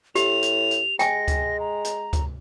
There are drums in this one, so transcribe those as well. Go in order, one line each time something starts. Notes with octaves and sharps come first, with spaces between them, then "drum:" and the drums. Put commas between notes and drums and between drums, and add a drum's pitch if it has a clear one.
A2 G4 F7, drum: hi-hat
drum: hi-hat
drum: hi-hat
G#3 G5 G#5 A#6, drum: hi-hat
drum: kick C#2, hi-hat
A#5
drum: hi-hat
drum: kick C#2, hi-hat